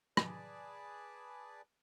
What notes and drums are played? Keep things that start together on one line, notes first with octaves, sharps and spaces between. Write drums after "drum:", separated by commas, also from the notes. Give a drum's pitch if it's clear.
G#4 B4 D5 A5, drum: rim click